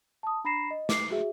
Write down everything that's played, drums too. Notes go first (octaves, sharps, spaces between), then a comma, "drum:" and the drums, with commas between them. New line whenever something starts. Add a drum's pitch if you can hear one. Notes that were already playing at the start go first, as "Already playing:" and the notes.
A5 D#6
D4 A#5 B5 A#6 C7 E7
D#5
D6 C7, drum: snare
F#4 G#4 E5